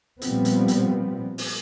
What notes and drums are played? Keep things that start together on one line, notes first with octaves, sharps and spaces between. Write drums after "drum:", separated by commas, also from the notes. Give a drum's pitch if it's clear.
A#2 F3 G3 B3 C4, drum: hi-hat
drum: hi-hat
drum: hi-hat
drum: open hi-hat